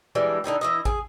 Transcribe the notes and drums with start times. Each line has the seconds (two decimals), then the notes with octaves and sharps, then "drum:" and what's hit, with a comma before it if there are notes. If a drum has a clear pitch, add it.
0.15 E3 G3 G#3 D4
0.44 D3 D#4 E4 G4
0.61 E3 E4 D#5
0.85 G#4, drum: kick A1